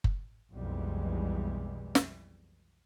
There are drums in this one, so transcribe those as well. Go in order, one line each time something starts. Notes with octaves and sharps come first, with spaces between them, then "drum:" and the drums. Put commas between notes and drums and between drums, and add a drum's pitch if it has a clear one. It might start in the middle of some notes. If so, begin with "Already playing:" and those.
drum: kick F#1
B1 F2 B2 E3 G3 G#3
drum: snare